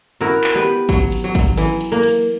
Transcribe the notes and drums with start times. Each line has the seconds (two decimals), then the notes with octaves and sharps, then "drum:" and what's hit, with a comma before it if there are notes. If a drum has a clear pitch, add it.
0.21 E4 F#4 A#4
0.44 drum: clap
0.55 B3 G4 B4
0.89 F#3, drum: kick G#1, cymbal
1.12 drum: cymbal
1.24 F#3
1.35 drum: kick G#1, cymbal
1.57 E3, drum: cymbal
1.81 drum: cymbal
1.92 A#3
2.03 drum: cymbal